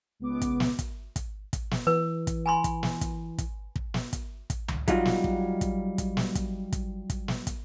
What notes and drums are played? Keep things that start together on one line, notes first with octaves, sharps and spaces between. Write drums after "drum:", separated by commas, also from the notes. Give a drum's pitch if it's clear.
C#2 B3 D6
drum: kick, hi-hat
drum: snare
drum: kick, hi-hat
drum: kick, hi-hat
drum: kick, hi-hat
drum: snare
E3 B4
drum: kick, hi-hat
G#5 B5 C6
drum: kick, hi-hat
drum: snare
drum: kick, hi-hat
drum: kick, hi-hat
drum: kick
drum: snare
drum: kick, hi-hat
drum: kick, hi-hat
drum: tom C#2
F#3 G3 D#4 F4 F#4, drum: kick, hi-hat
drum: snare
drum: kick
drum: kick, hi-hat
drum: kick, hi-hat
drum: snare
drum: kick, hi-hat
drum: kick, hi-hat
drum: kick, hi-hat
drum: snare
drum: kick, hi-hat